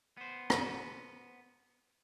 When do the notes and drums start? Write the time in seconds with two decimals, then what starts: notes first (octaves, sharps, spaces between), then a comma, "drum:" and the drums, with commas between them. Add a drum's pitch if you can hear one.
0.17 B3 C5
0.50 drum: rim click